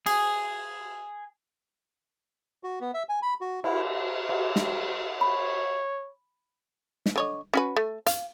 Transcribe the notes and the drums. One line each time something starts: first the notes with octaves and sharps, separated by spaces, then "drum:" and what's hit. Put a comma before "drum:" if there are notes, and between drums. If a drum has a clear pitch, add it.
G#4, drum: cymbal
F#4
B3
E5
G#5
B5
F#4
E4, drum: cymbal
drum: cymbal
drum: snare
C#5 B5
drum: snare
D3 C#5 D#5
C#4 F#4 B4
A3
F5, drum: hi-hat